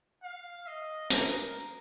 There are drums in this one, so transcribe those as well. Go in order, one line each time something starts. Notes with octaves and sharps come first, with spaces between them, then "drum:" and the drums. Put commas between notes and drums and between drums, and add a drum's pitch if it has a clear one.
F5
D#5
A#4, drum: hi-hat